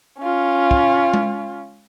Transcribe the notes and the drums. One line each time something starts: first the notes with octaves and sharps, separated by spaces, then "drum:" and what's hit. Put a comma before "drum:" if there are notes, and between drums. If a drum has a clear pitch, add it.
C#4 F4
drum: kick
drum: tom G#3